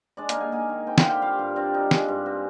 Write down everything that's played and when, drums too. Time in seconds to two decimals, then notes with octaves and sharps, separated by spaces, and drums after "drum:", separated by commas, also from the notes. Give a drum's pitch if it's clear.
0.17 G#3 D4 D5
0.29 A#3 A#4, drum: hi-hat
0.35 D#4
0.40 G#4 G#5
0.52 A#3 G#4 G#5
0.69 D#3
0.87 C4 G5
0.98 F5, drum: snare
1.04 D3 G4 G5
1.22 G3 F4 F5
1.39 G2
1.56 C4 D4 D5
1.74 D#4
1.91 G#3, drum: snare
2.08 G2
2.26 C4